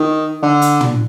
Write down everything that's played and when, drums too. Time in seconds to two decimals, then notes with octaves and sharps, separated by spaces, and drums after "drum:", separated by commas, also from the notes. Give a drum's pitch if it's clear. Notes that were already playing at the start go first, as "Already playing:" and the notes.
Already playing: D#3
0.43 D3
0.62 drum: hi-hat
0.81 drum: tom